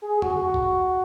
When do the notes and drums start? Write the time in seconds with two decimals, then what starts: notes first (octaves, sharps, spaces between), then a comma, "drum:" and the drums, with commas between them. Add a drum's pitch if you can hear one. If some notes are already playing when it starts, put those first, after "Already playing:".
0.02 G#4
0.17 G#4
0.22 F#4, drum: tom F2
0.43 F#4
0.54 drum: kick